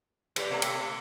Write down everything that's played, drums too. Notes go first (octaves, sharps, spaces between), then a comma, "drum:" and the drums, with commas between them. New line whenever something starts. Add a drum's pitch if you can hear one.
A2 G4 B4 D5, drum: cymbal
B2 A3 A#3
G5 E6 C#7, drum: cymbal